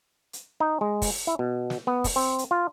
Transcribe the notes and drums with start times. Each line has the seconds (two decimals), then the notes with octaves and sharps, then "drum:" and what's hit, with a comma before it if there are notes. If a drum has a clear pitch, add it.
0.33 drum: hi-hat
0.60 D#4
0.81 G#3
1.02 drum: kick, open hi-hat
1.27 E4
1.39 B2
1.70 drum: snare
1.87 B3
2.04 drum: kick, open hi-hat
2.16 C4
2.38 drum: hi-hat
2.51 F4